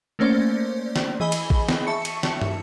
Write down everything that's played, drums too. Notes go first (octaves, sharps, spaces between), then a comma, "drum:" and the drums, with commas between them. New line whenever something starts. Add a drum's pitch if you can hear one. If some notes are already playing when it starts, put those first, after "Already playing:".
A3 A#3 C#4 C5 D5
drum: snare
E3 G#4 D#5 G#5 B5 G7
drum: cymbal
drum: kick A#1
drum: snare
E5 A5 C#6 C#7
drum: cymbal
drum: snare
drum: tom